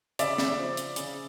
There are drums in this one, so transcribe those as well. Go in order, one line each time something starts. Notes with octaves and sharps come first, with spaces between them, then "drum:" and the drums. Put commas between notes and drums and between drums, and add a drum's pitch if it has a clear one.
C#3 D5 E5, drum: hi-hat
drum: snare
F3
drum: hi-hat
C#3, drum: hi-hat